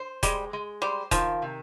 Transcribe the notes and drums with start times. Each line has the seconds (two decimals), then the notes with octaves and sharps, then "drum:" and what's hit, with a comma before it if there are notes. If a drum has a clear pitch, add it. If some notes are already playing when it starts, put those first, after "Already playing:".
Already playing: C5
0.23 G3 G#3, drum: kick, hi-hat
0.53 G#3
0.82 G3 C5
1.11 D#3 F3, drum: kick, hi-hat
1.42 C3